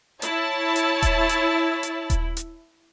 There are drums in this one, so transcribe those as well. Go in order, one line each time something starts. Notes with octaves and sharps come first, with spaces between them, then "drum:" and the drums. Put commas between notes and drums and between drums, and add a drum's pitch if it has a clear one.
E4 C#5 A5, drum: hi-hat
drum: hi-hat
drum: kick D#1, hi-hat
drum: hi-hat
drum: hi-hat
drum: kick D#1, hi-hat
drum: hi-hat